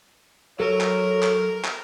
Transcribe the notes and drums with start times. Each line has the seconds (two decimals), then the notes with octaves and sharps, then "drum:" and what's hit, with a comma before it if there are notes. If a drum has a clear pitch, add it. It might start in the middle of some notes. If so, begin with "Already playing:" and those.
0.60 F#3 A4 A#4 C#5
0.81 drum: clap
1.22 drum: clap
1.64 drum: clap